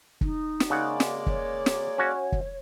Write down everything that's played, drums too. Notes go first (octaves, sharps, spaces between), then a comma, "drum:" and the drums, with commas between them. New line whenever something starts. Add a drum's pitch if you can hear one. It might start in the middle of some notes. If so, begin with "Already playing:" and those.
D#4, drum: kick
drum: snare
C#3 G#3 A#3 D5 F#5
drum: snare
C#5, drum: kick
drum: snare
C#4 F#4
drum: kick